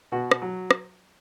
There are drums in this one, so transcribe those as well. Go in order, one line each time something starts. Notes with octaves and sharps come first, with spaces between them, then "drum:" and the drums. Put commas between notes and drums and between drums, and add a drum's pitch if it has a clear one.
B2 F#4
drum: rim click
F#3
drum: rim click